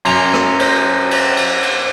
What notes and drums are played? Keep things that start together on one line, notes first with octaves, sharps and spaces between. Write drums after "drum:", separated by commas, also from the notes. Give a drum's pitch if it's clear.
F#2 C6 F7, drum: cymbal
drum: rim click
C5 A#6, drum: cymbal
drum: cymbal
drum: cymbal
drum: cymbal